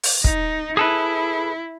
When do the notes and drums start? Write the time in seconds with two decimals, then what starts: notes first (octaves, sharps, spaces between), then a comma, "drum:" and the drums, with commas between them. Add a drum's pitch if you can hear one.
0.03 drum: open hi-hat
0.24 D#4, drum: kick
0.77 E4 G#4 A4 B4